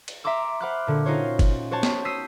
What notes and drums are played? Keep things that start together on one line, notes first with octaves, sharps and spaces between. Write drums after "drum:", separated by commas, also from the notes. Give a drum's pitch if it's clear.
drum: cymbal
E5 A#5 C6 D6 E6
C5 F#5 B5 D6 F6 F#6
A#2 D3
C#4 D#4 F4 F#4 C5 C#5
drum: kick G1, cymbal
F#4 C5 C#5 A5 C#6
drum: snare
D#6 E6 G6 B6 C7 D#7